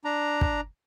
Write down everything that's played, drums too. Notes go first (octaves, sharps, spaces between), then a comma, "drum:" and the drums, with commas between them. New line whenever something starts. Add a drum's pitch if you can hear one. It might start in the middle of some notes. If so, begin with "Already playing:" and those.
D4 A#5
drum: kick